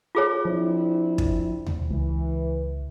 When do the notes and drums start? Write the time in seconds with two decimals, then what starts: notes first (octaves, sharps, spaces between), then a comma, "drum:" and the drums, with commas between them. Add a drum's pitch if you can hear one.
0.15 F4 G#4 C#5
0.45 F3 C4 D4 E4
1.18 drum: kick
1.66 drum: tom D#2
1.91 C#2 E3